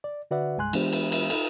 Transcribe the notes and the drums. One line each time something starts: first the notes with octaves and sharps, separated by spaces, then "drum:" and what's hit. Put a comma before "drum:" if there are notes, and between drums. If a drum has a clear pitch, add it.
D5
D3 F#4 B4 D5 E5 F#5
C2 G2 G#3 G#5 C6 F#6
E3 G#3 B3 D4 G4 C5, drum: cymbal
drum: cymbal
drum: cymbal
D#4 A4, drum: cymbal